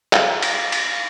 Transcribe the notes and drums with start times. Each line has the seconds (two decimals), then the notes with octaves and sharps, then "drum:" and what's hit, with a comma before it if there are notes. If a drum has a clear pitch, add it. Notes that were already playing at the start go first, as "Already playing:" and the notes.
0.13 F5, drum: clap
0.42 drum: cymbal
0.72 drum: cymbal